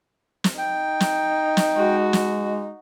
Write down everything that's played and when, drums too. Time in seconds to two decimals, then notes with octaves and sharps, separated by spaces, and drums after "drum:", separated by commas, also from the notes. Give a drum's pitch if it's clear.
0.44 drum: snare
0.58 D#4 G5
1.00 drum: snare
1.57 drum: snare
1.76 G#3 F#4
2.13 drum: snare